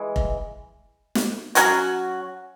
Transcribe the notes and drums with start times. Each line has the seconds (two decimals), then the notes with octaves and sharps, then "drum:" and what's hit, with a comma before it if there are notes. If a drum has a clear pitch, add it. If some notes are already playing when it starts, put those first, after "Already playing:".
Already playing: E3 G#3
0.16 drum: kick F1
1.15 drum: snare
1.55 F#3 C#4 F#4, drum: hi-hat